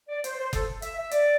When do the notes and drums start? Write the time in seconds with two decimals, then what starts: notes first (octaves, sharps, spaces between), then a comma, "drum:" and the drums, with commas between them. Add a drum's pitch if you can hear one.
0.09 D5
0.24 C5, drum: hi-hat
0.37 C5
0.53 A4, drum: kick F#1, hi-hat
0.82 E5, drum: hi-hat
0.97 E5
1.11 D5, drum: hi-hat